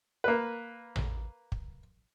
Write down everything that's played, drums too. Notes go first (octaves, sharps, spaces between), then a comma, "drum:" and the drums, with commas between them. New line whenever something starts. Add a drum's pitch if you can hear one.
A#3 B4
drum: tom A1
drum: kick